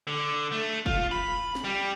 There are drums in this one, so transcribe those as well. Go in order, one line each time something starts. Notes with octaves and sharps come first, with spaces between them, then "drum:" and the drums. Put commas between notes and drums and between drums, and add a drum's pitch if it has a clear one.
D3
A3
F4, drum: kick
B5
drum: snare
G3